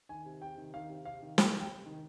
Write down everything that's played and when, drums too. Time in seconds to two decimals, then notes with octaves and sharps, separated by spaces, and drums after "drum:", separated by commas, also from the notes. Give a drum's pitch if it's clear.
0.09 D#3 G#5
0.25 C3
0.41 C3 G5
0.57 D#3
0.74 D#3 F5
0.89 C3
1.05 C3 F5
1.22 D#3
1.38 D#3 G5, drum: snare
1.54 C3
1.60 G5
1.70 C3
1.86 D#3